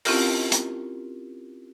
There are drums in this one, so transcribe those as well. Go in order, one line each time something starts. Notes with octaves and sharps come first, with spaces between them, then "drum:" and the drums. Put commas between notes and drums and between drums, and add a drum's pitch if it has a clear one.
C4 C#4 E4 F4 G4 A#4, drum: open hi-hat
drum: hi-hat